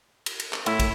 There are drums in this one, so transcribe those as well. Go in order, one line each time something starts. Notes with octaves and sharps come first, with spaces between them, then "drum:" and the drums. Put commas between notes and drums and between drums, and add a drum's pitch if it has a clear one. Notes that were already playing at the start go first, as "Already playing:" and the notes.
drum: cymbal
drum: cymbal
drum: clap
A2 E4, drum: cymbal
drum: kick, cymbal